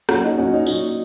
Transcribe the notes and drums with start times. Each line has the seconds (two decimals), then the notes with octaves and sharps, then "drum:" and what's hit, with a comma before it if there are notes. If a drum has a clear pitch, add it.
0.09 A#2 F#3 C#4 F#4, drum: rim click
0.24 D#4
0.38 A#2 F#3 C#4 F#4
0.53 D#4
0.66 A#2 F#3, drum: tambourine